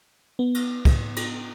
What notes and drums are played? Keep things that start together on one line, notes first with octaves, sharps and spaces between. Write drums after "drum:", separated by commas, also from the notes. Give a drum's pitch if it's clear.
B3
drum: cymbal
drum: kick, cymbal
drum: cymbal